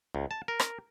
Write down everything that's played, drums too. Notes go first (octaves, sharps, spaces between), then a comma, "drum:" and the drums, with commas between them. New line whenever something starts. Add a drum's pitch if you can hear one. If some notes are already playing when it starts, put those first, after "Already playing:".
C#2
A5
A#4
drum: rim click